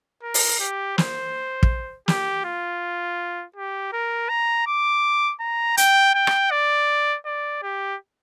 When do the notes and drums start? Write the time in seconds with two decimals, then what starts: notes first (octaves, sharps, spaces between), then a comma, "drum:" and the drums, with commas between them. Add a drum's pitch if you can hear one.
0.23 A#4
0.34 drum: open hi-hat
0.60 G4
0.98 C5, drum: snare
1.63 drum: kick
2.08 G4, drum: snare
2.45 F4
3.56 G4
3.93 A#4
4.30 A#5
4.67 D6
5.41 A#5
5.77 G5, drum: hi-hat
6.15 G5
6.27 drum: rim click
6.51 D5
7.26 D5
7.63 G4